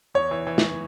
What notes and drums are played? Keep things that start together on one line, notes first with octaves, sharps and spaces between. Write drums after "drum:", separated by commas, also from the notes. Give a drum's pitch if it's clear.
E2 C#5
E3
E3
drum: snare